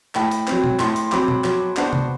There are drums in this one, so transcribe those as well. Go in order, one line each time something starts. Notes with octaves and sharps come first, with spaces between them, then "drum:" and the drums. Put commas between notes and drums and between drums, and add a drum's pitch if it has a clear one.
A2 G5 B5, drum: clap
drum: hi-hat
F#3 C4, drum: clap
drum: tom B2
A2 A5 C6, drum: clap
drum: hi-hat
F#3 C4 B5 D6, drum: clap
drum: tom B2
F#3, drum: clap
B3 D4 F#4 C5, drum: clap
drum: tom C3